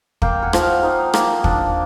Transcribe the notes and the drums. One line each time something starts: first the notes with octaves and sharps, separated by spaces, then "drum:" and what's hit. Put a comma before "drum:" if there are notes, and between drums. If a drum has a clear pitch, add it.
A#3 F5 G5, drum: kick
F#5 G#5
F3, drum: rim click
F5 G5
D#4 D#5 F5
A#3, drum: rim click
D4, drum: kick